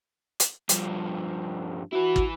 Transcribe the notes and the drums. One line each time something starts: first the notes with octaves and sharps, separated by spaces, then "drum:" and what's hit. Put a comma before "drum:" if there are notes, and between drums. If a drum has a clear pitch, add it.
drum: hi-hat
G2 F3, drum: hi-hat
E4 F#4 B4
drum: kick